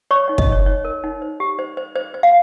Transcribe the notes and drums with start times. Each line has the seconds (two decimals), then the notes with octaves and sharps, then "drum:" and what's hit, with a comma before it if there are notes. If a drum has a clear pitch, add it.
0.11 C#5 C#6
0.28 D#4 C#5
0.38 D#5, drum: kick
0.48 D#4 C#5
0.66 D#4 C#5
0.85 A#4
1.04 D#4
1.22 C5
1.40 G4
1.59 C5
1.77 C5
1.96 C5
2.14 C5
2.23 F5